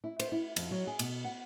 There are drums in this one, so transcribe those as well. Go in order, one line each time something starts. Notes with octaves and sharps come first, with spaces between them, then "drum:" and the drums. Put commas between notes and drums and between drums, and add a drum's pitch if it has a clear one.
E4
C5, drum: cymbal
E4
F2, drum: cymbal
F#3
G#4
B2, drum: cymbal
F#5